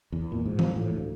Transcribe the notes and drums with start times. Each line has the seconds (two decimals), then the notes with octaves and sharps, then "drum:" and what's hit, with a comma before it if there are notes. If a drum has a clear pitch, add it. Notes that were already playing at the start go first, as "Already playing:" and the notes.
0.12 E2
0.32 A#2
0.46 G#2
0.59 F3, drum: tom E3
0.76 A2
0.94 D2